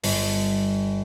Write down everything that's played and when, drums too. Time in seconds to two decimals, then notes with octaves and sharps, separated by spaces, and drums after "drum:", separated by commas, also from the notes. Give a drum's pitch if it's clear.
0.03 G1, drum: open hi-hat